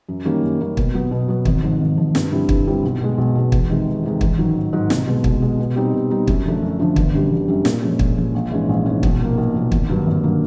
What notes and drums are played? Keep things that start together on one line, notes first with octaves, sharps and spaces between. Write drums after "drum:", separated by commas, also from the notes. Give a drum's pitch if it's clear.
F#2
D#3 G3 A#3 C#4
F#2
D#3 G3 A#3 C#4
B2, drum: kick
F#3 B3
B2
F#3 B3
G#1, drum: kick
G#2 F3
G#1
G#2 F3
G2, drum: snare
D3 G3 C4 E4
G2, drum: kick
D3 G3 C4 E4
B1
B2 G#3
B1
B2 G#3
E2, drum: kick
C3 D#3 G#3
E2
C3 D#3 G#3
A1, drum: kick
G#2 D#3 F#3
A1
G#2 D#3 F#3
C2, drum: snare
B2 G#3
C2, drum: kick
B2 G#3
B2
G3 C4 D#4
B2
G3 C4 D#4
F#2, drum: kick
D3 F3 A3 D4
F#2
D3 F3 A3 D4
G1, drum: kick
F#2 D3 G3
G1
F#2 D3 G3
A#2, drum: snare
F3 G#3 C#4
A#2, drum: kick
F3 G#3 C#4
A#1
G#2 E3 G#3 C#4
A#1
G#2 E3 G#3 C#4
B1, drum: kick
A#2 F3 A#3
B1
A#2 F3 A#3
G#1, drum: kick
G2 D3 F#3 A#3
G#1
D3 F#3 A#3